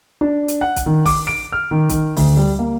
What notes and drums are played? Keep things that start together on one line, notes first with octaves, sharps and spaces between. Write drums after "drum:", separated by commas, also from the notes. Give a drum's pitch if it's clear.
D4
drum: hi-hat
F#5
drum: kick, hi-hat
D#3
D6, drum: kick, open hi-hat
D7
F6
D#3
D#3, drum: kick, hi-hat
D2, drum: kick, open hi-hat
G3
A#3